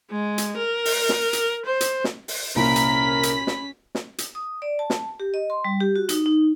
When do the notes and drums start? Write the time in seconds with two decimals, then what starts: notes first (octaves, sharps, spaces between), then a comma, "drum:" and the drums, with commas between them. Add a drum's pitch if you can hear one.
0.11 G#3
0.38 drum: hi-hat
0.57 A#4
0.85 drum: open hi-hat
1.09 drum: snare
1.33 drum: hi-hat
1.65 C5
1.81 drum: hi-hat
2.04 drum: snare
2.28 drum: open hi-hat
2.56 C2 A#2 C#4 A#4 B5 B6
2.76 drum: hi-hat
3.23 drum: hi-hat
3.47 drum: snare
3.95 drum: snare
4.18 drum: hi-hat
4.35 D#6
4.62 D5
4.79 A5
4.90 drum: snare
5.20 G4
5.34 D#5
5.50 C6
5.64 G3
5.80 G4
5.96 F#4
6.09 D#4, drum: hi-hat
6.26 D#4